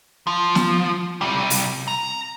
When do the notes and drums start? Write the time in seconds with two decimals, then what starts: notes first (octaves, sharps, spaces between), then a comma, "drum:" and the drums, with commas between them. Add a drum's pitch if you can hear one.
0.27 F3
0.55 drum: snare
1.21 C3 G3
1.50 drum: open hi-hat
1.88 A#5